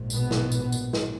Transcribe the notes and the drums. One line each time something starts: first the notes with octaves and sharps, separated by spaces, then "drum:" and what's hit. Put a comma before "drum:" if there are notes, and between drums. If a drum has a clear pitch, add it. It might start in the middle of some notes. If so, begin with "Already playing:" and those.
Already playing: A#1 G#2
B2 B3, drum: tambourine
drum: snare
drum: tambourine
drum: tambourine
drum: snare